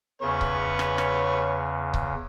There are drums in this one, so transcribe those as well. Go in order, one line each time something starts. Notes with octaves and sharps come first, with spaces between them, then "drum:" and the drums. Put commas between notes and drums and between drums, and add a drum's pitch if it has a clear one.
E2 C#3 C#4 B4 C#5
drum: kick C#1
drum: rim click
drum: rim click
drum: kick C#1